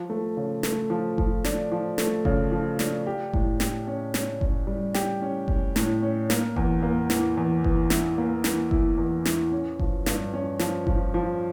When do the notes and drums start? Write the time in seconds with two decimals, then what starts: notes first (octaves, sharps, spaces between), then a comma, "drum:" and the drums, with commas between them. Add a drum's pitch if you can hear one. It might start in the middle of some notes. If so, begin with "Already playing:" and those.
Already playing: F3
0.10 A3
0.37 C#3
0.63 A3, drum: snare
0.90 F3
1.18 F3, drum: kick F#1
1.44 D4, drum: snare
1.72 F3
1.98 A3, drum: snare
2.25 C#3, drum: kick F#1
2.52 F3
2.79 D4, drum: snare
3.07 G4
3.33 A2, drum: kick F#1
3.60 G4, drum: snare
3.87 C#4
4.14 C#4, drum: snare
4.41 C#4, drum: kick F#1
4.67 G3
4.94 G4, drum: snare
5.22 C#4
5.48 C#4, drum: kick F#1
5.76 A2, drum: snare
6.02 C#4
6.30 A#3, drum: snare
6.56 E2, drum: kick F#1
6.83 A#3
7.10 E3, drum: snare
7.37 E2
7.64 E3, drum: kick F#1
7.90 E4, drum: snare
8.18 A#3
8.44 E3, drum: snare
8.71 E4, drum: kick F#1
8.98 E2
9.25 E4, drum: snare
9.52 C#4
9.79 F3, drum: kick F#1
10.06 G2, drum: snare
10.33 C#4
10.59 F3, drum: snare
10.87 F3, drum: kick F#1
11.14 F3